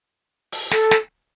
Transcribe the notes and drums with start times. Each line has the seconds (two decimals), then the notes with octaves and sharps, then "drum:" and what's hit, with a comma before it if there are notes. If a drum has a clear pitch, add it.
0.52 drum: open hi-hat
0.71 A4, drum: snare
0.91 drum: snare